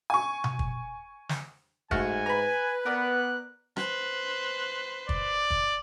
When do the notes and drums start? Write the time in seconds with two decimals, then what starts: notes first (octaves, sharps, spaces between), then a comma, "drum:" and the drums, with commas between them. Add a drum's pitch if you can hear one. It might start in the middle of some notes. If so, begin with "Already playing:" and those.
0.10 G#5 C#6
0.44 drum: tom B2
0.59 drum: kick
1.29 drum: snare
1.91 G#2 A3 F#4 G#5 F6, drum: kick
2.26 B4 A#5 B5
2.86 B3 A#4 D5 F#6
3.77 B4 C5, drum: rim click
5.09 D5, drum: kick
5.51 drum: kick